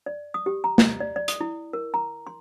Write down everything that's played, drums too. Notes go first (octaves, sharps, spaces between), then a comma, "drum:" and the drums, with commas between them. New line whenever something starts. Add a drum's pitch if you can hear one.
D5
D#6
G4
A#5
D#5, drum: snare
D5
D5
D#6, drum: hi-hat
E4
A#4
A#5
C6